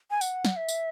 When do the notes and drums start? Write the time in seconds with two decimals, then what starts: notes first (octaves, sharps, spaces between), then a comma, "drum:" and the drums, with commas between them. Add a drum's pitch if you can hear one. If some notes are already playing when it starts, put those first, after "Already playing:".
0.11 G#5
0.21 F#5, drum: tambourine
0.45 drum: snare
0.56 E5
0.68 drum: tambourine